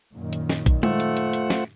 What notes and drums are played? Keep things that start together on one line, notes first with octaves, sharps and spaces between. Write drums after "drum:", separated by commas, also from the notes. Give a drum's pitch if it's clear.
F#2 A#2 D#3
drum: hi-hat
drum: snare
drum: kick, hi-hat
A3 F4 C5 F#5, drum: tom G#3
drum: hi-hat
drum: hi-hat
drum: hi-hat
drum: snare